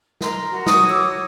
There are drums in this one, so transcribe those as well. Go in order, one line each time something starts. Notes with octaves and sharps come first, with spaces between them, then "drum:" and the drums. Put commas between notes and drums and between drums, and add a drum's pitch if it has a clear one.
A#4 A#5 C6, drum: snare
F#4
C#6 D#6, drum: snare
C#5
D6 E6